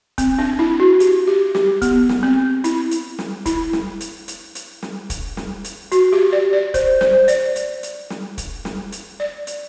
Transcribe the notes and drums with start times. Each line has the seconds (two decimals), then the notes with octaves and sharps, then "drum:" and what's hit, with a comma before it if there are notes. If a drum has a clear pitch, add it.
0.18 C4, drum: kick, hi-hat
0.39 D4
0.59 E4
0.80 F#4
1.00 G4, drum: hi-hat
1.27 G4
1.55 G4, drum: snare
1.82 B3, drum: kick, hi-hat
2.09 drum: snare
2.23 C4
2.64 E4, drum: hi-hat
2.91 drum: hi-hat
3.19 drum: snare
3.46 E4, drum: kick, hi-hat
3.73 drum: snare
4.00 drum: hi-hat
4.28 drum: hi-hat
4.55 drum: hi-hat
4.82 drum: snare
5.10 drum: kick, hi-hat
5.37 drum: snare
5.64 drum: hi-hat
5.92 F#4, drum: hi-hat
6.12 G4
6.33 D5
6.53 D5
6.74 C5, drum: kick, hi-hat
7.01 C5, drum: snare
7.28 D5, drum: hi-hat
7.56 drum: hi-hat
7.83 drum: hi-hat
8.10 drum: snare
8.38 drum: kick, hi-hat
8.65 drum: snare
8.92 drum: hi-hat
9.20 D5
9.47 drum: hi-hat